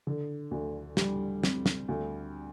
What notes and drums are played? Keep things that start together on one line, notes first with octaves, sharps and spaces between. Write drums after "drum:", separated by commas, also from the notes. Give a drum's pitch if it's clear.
D3
D2
G3, drum: snare
C4, drum: snare
drum: snare
D2